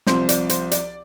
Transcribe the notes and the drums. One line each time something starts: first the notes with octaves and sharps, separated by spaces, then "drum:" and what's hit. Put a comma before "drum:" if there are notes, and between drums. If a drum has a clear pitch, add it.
C2 C3 F3 C4 C5, drum: snare
D5, drum: hi-hat
C5, drum: hi-hat
D5, drum: hi-hat